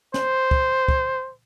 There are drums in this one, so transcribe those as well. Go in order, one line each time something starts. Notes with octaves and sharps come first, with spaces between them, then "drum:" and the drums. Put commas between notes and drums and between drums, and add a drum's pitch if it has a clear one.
C5, drum: snare
drum: kick
drum: kick